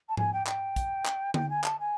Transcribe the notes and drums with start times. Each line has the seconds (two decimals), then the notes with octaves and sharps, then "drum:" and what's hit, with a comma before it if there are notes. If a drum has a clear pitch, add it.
0.09 A5
0.17 G#5, drum: tom G#2
0.33 G5
0.47 G5, drum: clap
0.76 drum: kick, hi-hat
1.06 drum: clap
1.34 G5, drum: tom D3
1.49 G#5
1.64 A5, drum: clap
1.79 G#5